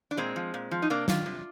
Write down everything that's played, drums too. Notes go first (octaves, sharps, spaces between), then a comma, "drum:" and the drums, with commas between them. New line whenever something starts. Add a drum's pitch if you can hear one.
D4
A#2 G#3 C4
F3
A#2
F3
D#4
C3 A#3 D4
D#3 D4 F4, drum: snare
C3